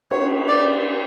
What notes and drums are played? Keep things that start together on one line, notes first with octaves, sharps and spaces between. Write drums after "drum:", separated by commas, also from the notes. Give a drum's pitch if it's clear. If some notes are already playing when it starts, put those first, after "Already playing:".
C#5, drum: cymbal
D5